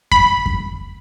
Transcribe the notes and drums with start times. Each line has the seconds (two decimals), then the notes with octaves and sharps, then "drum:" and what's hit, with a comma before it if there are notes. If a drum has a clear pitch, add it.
0.12 B5, drum: kick F2
0.46 drum: kick F2